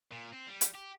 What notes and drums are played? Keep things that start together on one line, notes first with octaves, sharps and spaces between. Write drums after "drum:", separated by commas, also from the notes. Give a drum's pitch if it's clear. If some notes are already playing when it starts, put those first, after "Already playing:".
A#2
C4
G3
drum: hi-hat
G4